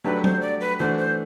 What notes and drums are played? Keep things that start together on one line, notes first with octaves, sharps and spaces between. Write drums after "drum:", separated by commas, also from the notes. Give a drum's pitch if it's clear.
F#3 A3 D4 G4 B4
C5, drum: tom F#3
D5
B4
E3 A3 D4 F#4 C5
C5